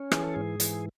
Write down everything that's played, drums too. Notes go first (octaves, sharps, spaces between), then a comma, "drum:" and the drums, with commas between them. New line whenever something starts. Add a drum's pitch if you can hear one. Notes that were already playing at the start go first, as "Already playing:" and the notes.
Already playing: C#4
E3 G#4, drum: rim click
A4
G#2 G#4
E3, drum: hi-hat